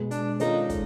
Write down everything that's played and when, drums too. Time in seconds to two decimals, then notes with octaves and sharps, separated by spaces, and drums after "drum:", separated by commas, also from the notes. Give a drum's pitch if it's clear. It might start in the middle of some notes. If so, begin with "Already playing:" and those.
Already playing: B2 G#3 B3
0.11 D4, drum: hi-hat
0.40 D#3 G#3 C#4 D#4 F4 A4, drum: hi-hat
0.70 drum: kick, hi-hat